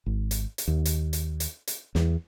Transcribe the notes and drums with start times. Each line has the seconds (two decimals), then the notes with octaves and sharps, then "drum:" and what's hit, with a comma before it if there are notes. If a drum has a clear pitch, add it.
0.06 G#1
0.31 drum: hi-hat
0.58 drum: hi-hat
0.67 D#2
0.85 drum: hi-hat
1.13 drum: hi-hat
1.40 drum: hi-hat
1.67 drum: hi-hat
1.95 E2, drum: snare